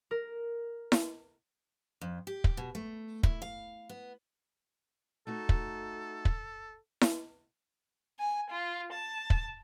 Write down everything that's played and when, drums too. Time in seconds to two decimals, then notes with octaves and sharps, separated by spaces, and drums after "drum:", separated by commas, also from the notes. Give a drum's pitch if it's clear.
0.11 A#4
0.92 drum: snare E4
2.01 F2
2.27 G4
2.44 drum: kick
2.57 B2
2.75 A3
3.23 E4, drum: kick
3.42 F5
3.89 B3
5.27 A3 D#4 F#4 A4
5.49 drum: kick
6.25 drum: kick
7.01 drum: snare E4
8.19 G#5
8.50 F4
8.92 A5
9.30 drum: kick